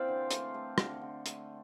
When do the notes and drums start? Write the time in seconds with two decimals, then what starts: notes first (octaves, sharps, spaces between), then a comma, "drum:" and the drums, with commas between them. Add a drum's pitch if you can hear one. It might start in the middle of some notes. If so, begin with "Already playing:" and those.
Already playing: E3 A#3 C4 C5 D5 F5 G5
0.08 D3
0.31 A3, drum: hi-hat
0.54 A3
0.78 D3, drum: rim click
1.01 D3
1.26 A3, drum: hi-hat